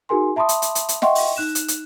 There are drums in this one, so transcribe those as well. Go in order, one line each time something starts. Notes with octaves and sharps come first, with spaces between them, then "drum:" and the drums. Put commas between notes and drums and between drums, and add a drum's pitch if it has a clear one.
D#4 F#4 G#4 A#4 G#5 C6
E5 A5 B5 C6 D6 D#6
drum: hi-hat
drum: hi-hat
drum: hi-hat
drum: hi-hat
D#5 E5 F#5 G5 C6 C#6, drum: snare
drum: open hi-hat
D#4 F#6 E7
drum: hi-hat
drum: hi-hat